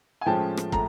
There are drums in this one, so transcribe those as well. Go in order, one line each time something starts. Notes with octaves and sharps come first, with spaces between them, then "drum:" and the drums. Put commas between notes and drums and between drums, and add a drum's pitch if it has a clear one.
G#5
A2 F3 G#3 C#4 G5 A5
drum: rim click
A2 A#5, drum: kick